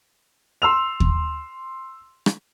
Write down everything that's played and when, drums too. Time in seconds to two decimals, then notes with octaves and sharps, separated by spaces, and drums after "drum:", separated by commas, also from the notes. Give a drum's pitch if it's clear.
0.62 C6 E6 F7
1.00 drum: kick D#2
2.26 drum: rim click